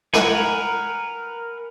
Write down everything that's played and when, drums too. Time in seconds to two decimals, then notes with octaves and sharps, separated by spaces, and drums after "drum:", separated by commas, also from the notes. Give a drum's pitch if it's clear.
0.13 A#4 B4 F#5 G#5, drum: snare